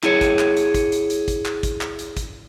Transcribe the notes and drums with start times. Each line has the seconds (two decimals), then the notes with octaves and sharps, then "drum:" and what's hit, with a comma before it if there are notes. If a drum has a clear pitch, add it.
0.03 E4 G#4 C#5, drum: clap
0.21 drum: kick, hi-hat
0.39 drum: clap
0.57 drum: hi-hat
0.74 drum: kick, hi-hat
0.92 drum: hi-hat
1.10 drum: hi-hat
1.28 drum: kick, hi-hat
1.46 drum: clap
1.63 drum: kick, hi-hat
1.81 drum: clap
1.99 drum: hi-hat
2.17 drum: kick, hi-hat